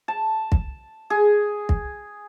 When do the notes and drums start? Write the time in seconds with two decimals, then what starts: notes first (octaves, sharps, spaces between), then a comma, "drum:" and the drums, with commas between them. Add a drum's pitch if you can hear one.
0.08 A5
0.52 drum: kick
1.10 G#4
1.69 drum: kick